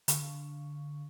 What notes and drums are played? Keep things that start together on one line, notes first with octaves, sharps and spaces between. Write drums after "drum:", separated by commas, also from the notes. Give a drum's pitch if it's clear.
D3 F5 C#6, drum: hi-hat